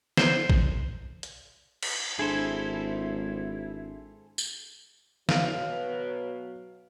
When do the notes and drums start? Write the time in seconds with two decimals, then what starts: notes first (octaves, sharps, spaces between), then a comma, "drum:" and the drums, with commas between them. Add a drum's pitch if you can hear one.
0.17 C5, drum: snare
0.50 drum: kick
1.23 drum: hi-hat
1.82 drum: cymbal
2.19 G#1 D4 E4 G#4 A4 C5
4.38 drum: tambourine
5.29 B2 F#3 F5, drum: snare